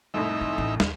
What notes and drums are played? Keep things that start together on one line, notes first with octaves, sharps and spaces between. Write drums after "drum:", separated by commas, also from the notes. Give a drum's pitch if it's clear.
C2 F2 A2 D#4 E5
E3
A1
D#2, drum: snare